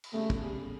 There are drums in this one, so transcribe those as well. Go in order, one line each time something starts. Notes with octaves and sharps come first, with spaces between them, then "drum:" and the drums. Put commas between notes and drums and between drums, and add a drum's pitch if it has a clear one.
drum: cymbal
E2 C#3 G3 A3
drum: kick
E2 C#3 G3